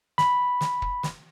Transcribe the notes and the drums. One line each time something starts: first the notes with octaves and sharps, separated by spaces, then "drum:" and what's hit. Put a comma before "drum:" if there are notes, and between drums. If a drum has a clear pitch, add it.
B5, drum: snare
drum: snare
drum: kick
drum: snare